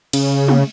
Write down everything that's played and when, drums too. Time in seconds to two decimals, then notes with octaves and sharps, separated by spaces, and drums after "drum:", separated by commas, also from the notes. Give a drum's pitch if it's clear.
0.13 C#3, drum: cymbal
0.48 drum: tom